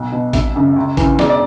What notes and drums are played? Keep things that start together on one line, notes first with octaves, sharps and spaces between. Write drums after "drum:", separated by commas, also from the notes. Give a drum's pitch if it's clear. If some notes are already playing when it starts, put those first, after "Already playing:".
Already playing: B1
B2
G#1 E5, drum: kick A1, hi-hat
F#2 C#3
C#2
C#3 E3, drum: kick A1, hi-hat
E1 D5, drum: snare
D5